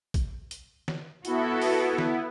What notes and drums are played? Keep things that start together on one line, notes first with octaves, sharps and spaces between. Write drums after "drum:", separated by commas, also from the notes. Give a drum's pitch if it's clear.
drum: kick, hi-hat
drum: hi-hat
drum: snare
B3 E4 F#4 A4, drum: hi-hat
drum: open hi-hat
drum: snare